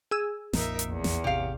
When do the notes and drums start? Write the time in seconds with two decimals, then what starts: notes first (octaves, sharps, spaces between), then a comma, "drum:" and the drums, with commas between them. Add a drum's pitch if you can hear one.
0.11 G#4 E6
0.53 A#1 F2 A#2 D#4 A#4 E5, drum: snare
0.79 drum: hi-hat
0.90 E2
1.04 drum: snare
1.24 A1 C3 G4 F5